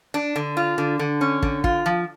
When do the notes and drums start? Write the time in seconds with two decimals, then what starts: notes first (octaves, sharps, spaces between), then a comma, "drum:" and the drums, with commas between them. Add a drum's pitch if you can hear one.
0.14 D4
0.36 D3
0.57 F4
0.78 D3
0.99 D3
1.21 C#4
1.43 D3, drum: kick
1.64 F4, drum: kick
1.86 F3